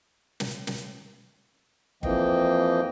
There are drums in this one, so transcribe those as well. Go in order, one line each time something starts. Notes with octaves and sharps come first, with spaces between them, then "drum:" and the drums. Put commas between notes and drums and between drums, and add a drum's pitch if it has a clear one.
drum: snare
drum: snare
F2 E3 F3 A#3 D#5 G5, drum: kick G1